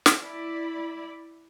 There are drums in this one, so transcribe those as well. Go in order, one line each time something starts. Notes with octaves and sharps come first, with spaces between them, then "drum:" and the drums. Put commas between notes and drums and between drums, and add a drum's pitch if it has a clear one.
drum: snare
E4 D5 B5